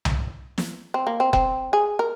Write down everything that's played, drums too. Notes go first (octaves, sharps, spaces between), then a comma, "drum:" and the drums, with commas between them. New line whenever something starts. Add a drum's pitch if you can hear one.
drum: tom C2
drum: snare
C4
A#3
C4
C4, drum: kick F1
G#4
A#4